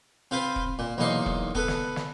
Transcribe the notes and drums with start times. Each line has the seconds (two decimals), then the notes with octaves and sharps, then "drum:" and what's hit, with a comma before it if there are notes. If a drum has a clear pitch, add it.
0.31 C4 F4 B4 C5
0.56 drum: kick E1
0.79 A#2
0.98 B1 E2 A#3 D#4 C6
1.26 drum: kick E1
1.55 B3 A4 B4, drum: kick E1
1.68 drum: snare
1.96 drum: snare